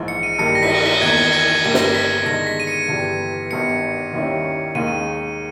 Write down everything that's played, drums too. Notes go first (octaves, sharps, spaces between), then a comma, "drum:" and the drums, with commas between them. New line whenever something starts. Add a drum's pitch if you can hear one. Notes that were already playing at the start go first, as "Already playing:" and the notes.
Already playing: A#1 G#2 E3
C#7
D#7
G2 D#3 G3 A#3 C#7
A#6
B6, drum: cymbal
A#6
B6
E2 D#3 A#3 D#4 G#6
A#6
G#6
A#6
G1 G2 G3 A#3 A#6
drum: snare
B6
G1 G2 D#3 G#3 D#4 A#6
B6
D#7
C#7
G1 G2 E3 G3
G#1 G2 G3 B3 C#7
D#2 D#3 G3 C#4 E4
D#2 D#3 G#3 D#7